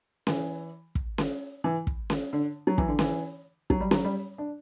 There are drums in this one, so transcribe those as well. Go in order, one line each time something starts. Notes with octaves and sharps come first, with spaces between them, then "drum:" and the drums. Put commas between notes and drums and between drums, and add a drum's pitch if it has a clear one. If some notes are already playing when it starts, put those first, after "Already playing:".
E3, drum: snare C#4
drum: kick
drum: snare C#4
E3
drum: kick
drum: snare C#4
D3
F#3
E3, drum: kick
D3
E3, drum: snare C#4
F#3, drum: kick
G3
F#3, drum: snare C#4
G3
D4